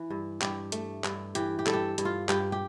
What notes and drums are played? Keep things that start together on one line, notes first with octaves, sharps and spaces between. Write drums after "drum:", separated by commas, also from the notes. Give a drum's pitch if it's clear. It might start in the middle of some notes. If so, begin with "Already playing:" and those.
Already playing: E3
G2
G2 G4, drum: clap
A3, drum: hi-hat
G2, drum: clap
E3 G4, drum: hi-hat
G4
G2 A4, drum: clap
G4
G2, drum: hi-hat
F4
G2 G4, drum: clap
G4